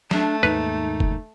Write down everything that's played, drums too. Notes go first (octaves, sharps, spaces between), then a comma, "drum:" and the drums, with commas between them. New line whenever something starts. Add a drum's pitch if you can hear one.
A3 D4, drum: snare
D#2 G#2 A#3 D#4 B4
drum: kick F1